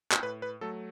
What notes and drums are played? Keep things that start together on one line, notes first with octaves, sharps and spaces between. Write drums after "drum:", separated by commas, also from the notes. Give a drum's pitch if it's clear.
drum: clap
A2 B4
B4
F#3 A3 A4